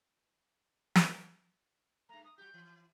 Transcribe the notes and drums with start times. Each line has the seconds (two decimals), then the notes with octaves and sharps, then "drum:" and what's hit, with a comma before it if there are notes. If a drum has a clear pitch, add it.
0.95 drum: snare
2.09 G2 A3 A#5
2.24 D#6
2.38 G3 F#4 G4 G6
2.54 E3